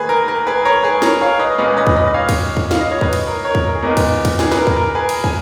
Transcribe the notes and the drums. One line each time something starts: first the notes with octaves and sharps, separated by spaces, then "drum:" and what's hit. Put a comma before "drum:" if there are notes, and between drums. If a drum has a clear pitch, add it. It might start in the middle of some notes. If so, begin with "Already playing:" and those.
Already playing: D#3 A#3 G#4 B4
A#4
A#4
G#4 B4
A#4 C#5
G#4 B4
A#4 C#5, drum: snare
C#5 F5
B4 D#5
A#2 G#3 C#4 B4 D#5
B4 D#5
drum: kick
B4 D#5
D#5
C#5 F5
drum: kick, cymbal
drum: kick
F5, drum: snare
D#5
C#5
B4 D#5, drum: kick
drum: cymbal
A#4
A#4 C#5
drum: kick
A#4
G#4
A#2 G#3 B3 D#4 A#4
drum: kick, cymbal
drum: kick, cymbal
G#4, drum: snare
B4, drum: snare
A#4
drum: kick
A#4
G#4 B4
drum: cymbal
G#5, drum: kick